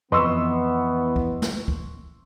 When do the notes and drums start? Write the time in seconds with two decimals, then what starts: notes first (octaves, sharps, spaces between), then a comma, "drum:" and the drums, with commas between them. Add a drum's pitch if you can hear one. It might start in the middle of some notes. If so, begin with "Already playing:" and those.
0.12 F2 E3 B3 B4 D#5 C6 C#6 E6
1.16 drum: kick
1.42 drum: snare
1.68 drum: kick